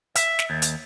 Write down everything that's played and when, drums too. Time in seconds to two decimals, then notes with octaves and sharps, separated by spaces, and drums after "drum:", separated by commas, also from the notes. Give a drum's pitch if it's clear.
0.15 E5, drum: hi-hat
0.39 drum: snare
0.50 D#2
0.62 drum: hi-hat